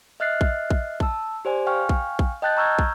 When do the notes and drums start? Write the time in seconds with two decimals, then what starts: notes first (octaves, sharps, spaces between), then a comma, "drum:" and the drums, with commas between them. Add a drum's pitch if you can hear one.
0.20 D#5 E5 F6 F#6 A6 C7
0.41 drum: kick
0.70 drum: kick
1.00 A5 E6, drum: kick
1.45 G4 C5 D5 G#5
1.67 F5 G5 G#5 C#6 F6
1.89 drum: kick
2.19 drum: kick
2.42 D#5 G5 A5 F#6 G6 A6
2.57 A#5 C#6 E6 F6 G6 G#6
2.79 drum: kick